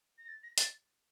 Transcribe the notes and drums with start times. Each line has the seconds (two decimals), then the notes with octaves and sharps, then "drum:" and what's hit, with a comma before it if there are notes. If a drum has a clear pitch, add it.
0.18 A#6
0.28 A6
0.43 A#6
0.58 A6, drum: hi-hat